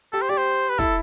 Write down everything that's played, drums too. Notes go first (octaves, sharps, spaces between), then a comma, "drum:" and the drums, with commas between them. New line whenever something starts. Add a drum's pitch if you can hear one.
G4 A4
C5
G4 D5
C5
B4
E4 A4, drum: kick, hi-hat